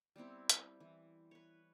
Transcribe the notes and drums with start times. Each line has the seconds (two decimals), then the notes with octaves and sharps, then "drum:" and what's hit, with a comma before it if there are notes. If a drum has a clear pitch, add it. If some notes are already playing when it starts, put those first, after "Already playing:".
0.16 G3 B3 C4 E4
0.49 drum: hi-hat
0.80 E3
1.31 B4 C#5